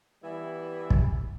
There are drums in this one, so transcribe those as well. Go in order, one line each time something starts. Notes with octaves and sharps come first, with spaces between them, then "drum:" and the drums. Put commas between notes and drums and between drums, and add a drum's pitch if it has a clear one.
E3 G3 B3 E4
drum: kick